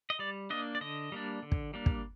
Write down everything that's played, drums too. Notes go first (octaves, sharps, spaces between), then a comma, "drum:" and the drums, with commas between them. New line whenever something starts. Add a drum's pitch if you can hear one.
D#5
G3 D5
A#3 D4 D#5
D5
D3 D#5
G3 A#3 D4
D3
drum: kick
G3 A#3 D4
drum: kick